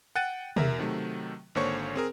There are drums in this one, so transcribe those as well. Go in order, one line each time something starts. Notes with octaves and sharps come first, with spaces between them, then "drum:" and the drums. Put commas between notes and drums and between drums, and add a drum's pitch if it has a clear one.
F#5 G5 F#6 A6 D#7
E2 A#4 E5, drum: tom
C3 D#3 F#3 A3
G#1 D3 A#3 C5 C#5 C#6
C4 G#4 A#4